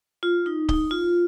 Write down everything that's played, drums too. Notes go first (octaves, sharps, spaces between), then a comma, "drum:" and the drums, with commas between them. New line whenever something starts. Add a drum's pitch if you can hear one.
F4
D#4
D#4, drum: kick C#1
F4